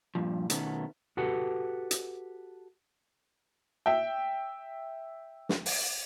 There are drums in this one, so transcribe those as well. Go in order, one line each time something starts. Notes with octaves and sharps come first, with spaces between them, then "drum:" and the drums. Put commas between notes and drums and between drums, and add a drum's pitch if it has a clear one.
G2 A#2 F3
B2 D#3 A3 B3 C#4, drum: hi-hat
F#4 G4 A4 B4 F#5
drum: hi-hat
E5 G5
drum: snare
drum: open hi-hat